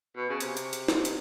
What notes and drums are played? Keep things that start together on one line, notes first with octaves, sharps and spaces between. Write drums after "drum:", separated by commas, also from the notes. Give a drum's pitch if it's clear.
B2
C#3
C3, drum: hi-hat
drum: hi-hat
drum: hi-hat
C3, drum: snare
drum: hi-hat